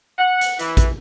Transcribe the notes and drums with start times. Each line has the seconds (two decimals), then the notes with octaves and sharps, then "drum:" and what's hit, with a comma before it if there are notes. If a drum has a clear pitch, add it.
0.18 F#5
0.41 drum: hi-hat
0.59 E3, drum: hi-hat
0.77 drum: kick A1, hi-hat